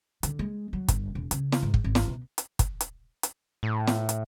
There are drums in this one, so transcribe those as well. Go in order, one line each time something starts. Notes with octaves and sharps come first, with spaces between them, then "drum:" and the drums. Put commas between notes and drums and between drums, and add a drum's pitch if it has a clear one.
D3, drum: hi-hat
G#3
F#3
G1, drum: kick, hi-hat
E1
C#3, drum: hi-hat
drum: snare
G#2
drum: kick
G#1
drum: snare
B2
drum: hi-hat
drum: kick, hi-hat
drum: hi-hat
drum: hi-hat
A2
drum: snare
drum: hi-hat